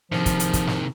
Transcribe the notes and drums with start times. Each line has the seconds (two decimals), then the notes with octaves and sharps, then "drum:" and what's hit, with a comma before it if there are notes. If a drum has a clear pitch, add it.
0.12 C3 D#3 F3, drum: snare
0.26 drum: kick, hi-hat
0.40 drum: hi-hat
0.53 drum: kick, hi-hat
0.67 drum: snare